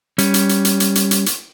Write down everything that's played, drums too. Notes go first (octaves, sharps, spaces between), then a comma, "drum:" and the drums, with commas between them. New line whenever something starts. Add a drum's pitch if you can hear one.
G3 C#4, drum: hi-hat
drum: hi-hat
drum: hi-hat
drum: hi-hat
drum: hi-hat
drum: hi-hat
drum: hi-hat
drum: hi-hat